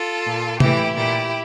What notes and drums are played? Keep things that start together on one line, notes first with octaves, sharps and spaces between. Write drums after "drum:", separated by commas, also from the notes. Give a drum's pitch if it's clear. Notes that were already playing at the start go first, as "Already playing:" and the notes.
Already playing: F4 A4
A#2
A2 E3 E4 G4, drum: tom C3
A#2 E4 G4